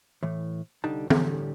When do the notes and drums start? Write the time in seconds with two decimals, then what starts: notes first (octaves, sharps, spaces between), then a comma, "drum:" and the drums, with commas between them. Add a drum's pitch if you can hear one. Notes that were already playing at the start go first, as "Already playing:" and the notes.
0.23 A2 E3
0.84 C2 D3 G3 D#4 A5
1.10 A2 D3 G3 A3 A4 G#5, drum: tom